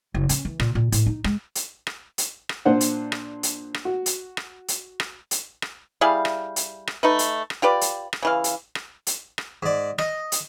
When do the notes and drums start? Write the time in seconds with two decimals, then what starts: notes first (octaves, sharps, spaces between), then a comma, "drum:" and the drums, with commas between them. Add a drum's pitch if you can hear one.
0.14 F#1
0.29 C#4, drum: hi-hat
0.45 E3
0.60 A#2, drum: rim click
0.75 A#2
0.92 A2, drum: hi-hat
1.06 D#4
1.24 G#3, drum: rim click
1.55 drum: hi-hat
1.87 drum: rim click
2.18 drum: hi-hat
2.49 drum: rim click
2.65 A#2 D4 C5 F#5
2.81 drum: hi-hat
3.12 drum: rim click
3.43 drum: hi-hat
3.74 drum: rim click
3.85 F#4
4.06 drum: hi-hat
4.37 drum: rim click
4.68 drum: hi-hat
5.00 drum: rim click
5.31 drum: hi-hat
5.62 drum: rim click
6.01 G3 E4 G#4 F5
6.25 drum: rim click
6.56 drum: hi-hat
6.87 drum: rim click
7.03 A3 D#4 B4
7.19 drum: hi-hat
7.50 drum: rim click
7.62 F4 G4 B4 D5
7.81 drum: hi-hat
8.13 drum: rim click
8.23 C#3 E3 F5
8.44 drum: hi-hat
8.75 drum: rim click
9.07 drum: hi-hat
9.38 drum: rim click
9.63 G#2 D5
9.98 D#5, drum: rim click
10.32 drum: hi-hat